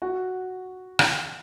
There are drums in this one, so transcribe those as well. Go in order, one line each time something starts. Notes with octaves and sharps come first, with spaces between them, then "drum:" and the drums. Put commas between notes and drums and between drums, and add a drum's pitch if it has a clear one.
F#4
drum: rim click